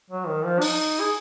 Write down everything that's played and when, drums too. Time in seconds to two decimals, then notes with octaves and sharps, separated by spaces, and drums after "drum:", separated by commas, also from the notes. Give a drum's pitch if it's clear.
0.10 F#3
0.27 D#3
0.44 F3
0.62 D#4, drum: open hi-hat
1.00 G#4